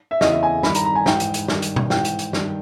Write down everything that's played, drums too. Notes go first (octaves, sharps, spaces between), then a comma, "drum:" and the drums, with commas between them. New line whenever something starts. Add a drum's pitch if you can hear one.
E5
E2 C#3 E3 D#5, drum: snare
E5
G#5
G2 D#3 B5, drum: snare
A#5, drum: hi-hat
A#5
G#5
G#2 E3 G5, drum: snare
drum: hi-hat
drum: hi-hat
G2 D#3, drum: snare
drum: hi-hat
drum: tom B2
G#2 E3 G5, drum: snare
drum: hi-hat
drum: hi-hat
G2 D#3, drum: snare